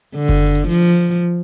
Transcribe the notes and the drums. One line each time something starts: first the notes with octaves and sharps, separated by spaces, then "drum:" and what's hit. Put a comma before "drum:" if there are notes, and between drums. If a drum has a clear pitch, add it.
D3
drum: kick F#1
drum: hi-hat
F3